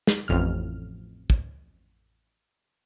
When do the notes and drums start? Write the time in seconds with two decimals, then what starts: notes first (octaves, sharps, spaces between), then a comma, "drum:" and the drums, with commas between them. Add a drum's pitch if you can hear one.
0.07 drum: snare
0.28 A1 F2 F6
1.30 drum: kick